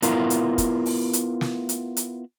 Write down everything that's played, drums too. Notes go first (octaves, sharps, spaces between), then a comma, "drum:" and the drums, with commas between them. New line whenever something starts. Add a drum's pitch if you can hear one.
B3 E4 F4 A#4, drum: hi-hat
drum: hi-hat
drum: kick, hi-hat
drum: open hi-hat
drum: hi-hat
drum: snare
drum: hi-hat
drum: hi-hat